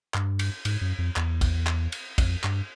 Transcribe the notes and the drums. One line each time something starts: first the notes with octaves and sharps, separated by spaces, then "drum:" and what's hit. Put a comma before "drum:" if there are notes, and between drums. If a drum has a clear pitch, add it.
G2, drum: clap
drum: cymbal
G#2, drum: cymbal
F#2
F2
E2, drum: clap
drum: kick A1, cymbal
drum: clap
drum: cymbal
F2, drum: kick A1, cymbal
G2, drum: clap